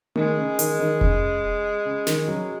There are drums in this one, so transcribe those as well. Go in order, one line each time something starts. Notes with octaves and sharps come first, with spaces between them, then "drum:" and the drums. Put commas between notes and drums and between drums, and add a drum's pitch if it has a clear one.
D#3 G#3, drum: tom A3
C#3
D#3, drum: hi-hat
D#3
C#3, drum: kick F1
C#3
D#3, drum: snare
C#3 F#3